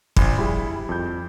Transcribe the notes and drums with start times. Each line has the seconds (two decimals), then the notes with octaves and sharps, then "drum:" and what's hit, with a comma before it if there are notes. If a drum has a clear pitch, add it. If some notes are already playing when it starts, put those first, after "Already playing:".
0.17 A#1, drum: kick
0.38 G3 E4 G#4
0.89 F2 G6